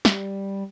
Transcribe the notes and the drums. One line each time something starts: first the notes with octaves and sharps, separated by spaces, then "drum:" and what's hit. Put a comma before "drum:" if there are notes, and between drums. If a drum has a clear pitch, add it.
G3, drum: snare